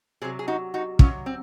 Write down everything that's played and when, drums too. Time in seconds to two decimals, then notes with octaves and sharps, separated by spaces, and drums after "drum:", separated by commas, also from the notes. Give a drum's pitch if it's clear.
0.22 C3 F#3 G#4 C5
0.39 G#4
0.48 D#4 F#4
0.74 D#4 F#4
0.99 C3 F#3 C#4 F4, drum: kick
1.26 C4